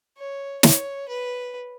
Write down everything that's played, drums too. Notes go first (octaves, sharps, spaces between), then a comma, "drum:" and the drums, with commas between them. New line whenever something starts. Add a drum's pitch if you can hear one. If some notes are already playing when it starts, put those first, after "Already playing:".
C#5
C#5, drum: snare
B4